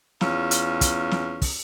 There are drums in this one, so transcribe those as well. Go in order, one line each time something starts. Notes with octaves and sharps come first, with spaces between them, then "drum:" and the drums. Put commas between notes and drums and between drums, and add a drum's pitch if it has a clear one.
E2 C#4 F4, drum: snare
drum: hi-hat
drum: kick, hi-hat
drum: snare
drum: kick, open hi-hat